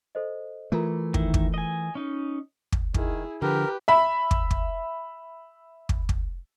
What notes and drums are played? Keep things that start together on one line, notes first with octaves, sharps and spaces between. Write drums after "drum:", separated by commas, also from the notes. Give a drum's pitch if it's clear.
A4 C5 D#5
E3 A3 F4 A#4 A#5
D#3 E4, drum: kick
drum: kick
D#5 G#5
C#4 D#4
drum: kick
D#3 E4 G#4, drum: kick
D3 F3 G4 A#4 B4
E5 B5
drum: kick
drum: kick
drum: kick
drum: kick